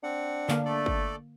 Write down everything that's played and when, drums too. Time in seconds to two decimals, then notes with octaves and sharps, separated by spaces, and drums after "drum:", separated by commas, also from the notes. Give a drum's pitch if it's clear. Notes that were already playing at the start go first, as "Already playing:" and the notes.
0.03 C4 D4 F#5
0.49 D3 A#3 F5, drum: clap
0.65 A3 A4 D5
0.86 drum: kick